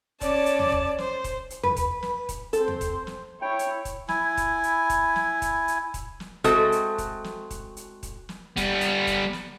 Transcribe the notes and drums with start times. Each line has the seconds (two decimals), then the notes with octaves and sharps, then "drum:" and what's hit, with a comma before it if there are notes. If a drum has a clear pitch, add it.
0.21 C#4 D5 A5, drum: kick D#1, hi-hat
0.46 drum: hi-hat
0.59 drum: tom
0.72 drum: kick D#1
0.98 C5, drum: snare
1.24 drum: kick D#1, hi-hat
1.50 drum: hi-hat
1.63 B4, drum: tom
1.76 drum: kick D#1, hi-hat
2.03 drum: snare
2.29 drum: kick D#1, hi-hat
2.53 C4 A4 C5, drum: hi-hat
2.68 drum: tom
2.81 drum: kick D#1, hi-hat
3.07 drum: snare
3.42 E4 C#5 G5
3.59 drum: hi-hat
3.85 drum: kick D#1, hi-hat
4.08 E4 G#5, drum: snare
4.37 drum: kick D#1, hi-hat
4.63 drum: hi-hat
4.90 drum: kick D#1, hi-hat
5.16 drum: snare
5.42 drum: kick D#1, hi-hat
5.68 drum: hi-hat
5.94 drum: kick D#1, hi-hat
6.20 drum: snare
6.44 G#3 A3 C4 F#4 A4, drum: kick D#1, hi-hat
6.72 drum: hi-hat
6.98 drum: kick D#1, hi-hat
7.24 drum: snare
7.50 drum: kick D#1, hi-hat
7.77 drum: hi-hat
8.03 drum: kick D#1, hi-hat
8.29 drum: snare
8.57 G3 B3, drum: kick D#1, hi-hat
8.81 drum: hi-hat
9.07 drum: kick D#1, hi-hat
9.33 drum: snare